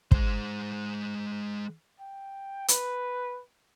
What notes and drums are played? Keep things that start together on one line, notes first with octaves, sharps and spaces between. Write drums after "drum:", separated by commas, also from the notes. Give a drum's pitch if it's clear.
G#3 C5, drum: kick
G5
B4, drum: hi-hat